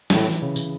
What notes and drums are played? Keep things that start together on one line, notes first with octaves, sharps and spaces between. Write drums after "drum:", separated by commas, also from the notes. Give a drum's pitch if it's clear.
A2 E3, drum: snare
E3
C#3
C#3, drum: tambourine